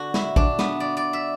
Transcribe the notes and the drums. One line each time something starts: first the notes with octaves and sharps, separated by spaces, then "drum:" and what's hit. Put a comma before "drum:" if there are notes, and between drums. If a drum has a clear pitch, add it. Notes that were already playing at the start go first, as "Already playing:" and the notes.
Already playing: D3 B3 D4 F#4
E4, drum: snare
D4, drum: kick A1
B3, drum: snare
D5
D5
E5